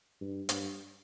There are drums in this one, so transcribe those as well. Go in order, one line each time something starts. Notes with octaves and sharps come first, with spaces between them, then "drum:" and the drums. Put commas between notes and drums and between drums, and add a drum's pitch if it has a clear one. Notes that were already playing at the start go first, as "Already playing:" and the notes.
G2
G2, drum: hi-hat